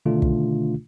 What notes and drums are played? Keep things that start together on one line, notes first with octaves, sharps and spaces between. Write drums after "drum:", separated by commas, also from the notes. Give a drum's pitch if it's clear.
B2 D3 D#3 A3 D4 F4
drum: kick